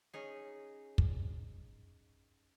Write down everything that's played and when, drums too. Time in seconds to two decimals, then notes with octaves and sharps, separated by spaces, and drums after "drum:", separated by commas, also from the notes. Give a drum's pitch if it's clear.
0.13 C#4 D#4 G#4
0.98 drum: kick